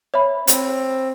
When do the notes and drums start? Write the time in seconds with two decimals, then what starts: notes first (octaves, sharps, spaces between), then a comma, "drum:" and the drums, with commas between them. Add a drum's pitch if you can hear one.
0.14 C#5 E5 B5
0.47 C4, drum: hi-hat